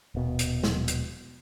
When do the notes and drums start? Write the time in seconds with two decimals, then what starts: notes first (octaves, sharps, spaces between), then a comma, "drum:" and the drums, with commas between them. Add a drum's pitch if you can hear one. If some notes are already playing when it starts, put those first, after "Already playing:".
0.15 D#1 B2
0.39 drum: hi-hat
0.63 drum: snare
0.88 drum: hi-hat